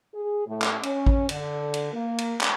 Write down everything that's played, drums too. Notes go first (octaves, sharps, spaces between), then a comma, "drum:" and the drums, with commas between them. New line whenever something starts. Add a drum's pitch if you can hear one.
G#4
A2
drum: clap
C#4, drum: cymbal
drum: kick A1
D3, drum: cymbal
drum: cymbal
A#3
drum: cymbal
drum: clap